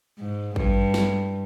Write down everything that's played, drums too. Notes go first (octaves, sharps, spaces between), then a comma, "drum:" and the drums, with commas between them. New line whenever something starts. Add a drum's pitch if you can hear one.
G#2
G2, drum: kick A1
drum: snare